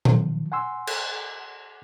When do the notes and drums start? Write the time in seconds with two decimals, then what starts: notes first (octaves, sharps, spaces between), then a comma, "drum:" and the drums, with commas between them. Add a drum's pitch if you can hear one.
0.05 D#3 F3, drum: tom A#2
0.52 F#5 G#5 C6 E6
0.87 drum: cymbal